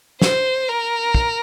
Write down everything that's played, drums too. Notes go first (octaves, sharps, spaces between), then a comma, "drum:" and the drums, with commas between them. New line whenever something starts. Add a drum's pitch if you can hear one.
C5, drum: snare
A#4
drum: kick